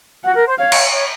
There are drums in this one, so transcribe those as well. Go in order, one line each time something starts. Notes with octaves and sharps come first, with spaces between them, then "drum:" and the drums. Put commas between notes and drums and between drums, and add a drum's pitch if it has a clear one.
F#4 F#5
A#4
C5
C#5 F5
drum: cymbal
C#5